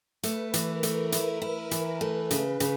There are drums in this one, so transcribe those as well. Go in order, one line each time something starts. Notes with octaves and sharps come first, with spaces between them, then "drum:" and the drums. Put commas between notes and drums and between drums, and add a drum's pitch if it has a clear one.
A3 B4, drum: hi-hat
E3, drum: hi-hat
A#4
A3, drum: hi-hat
E4, drum: hi-hat
E4
E3, drum: hi-hat
A3 B4
C#3, drum: hi-hat
C#3, drum: hi-hat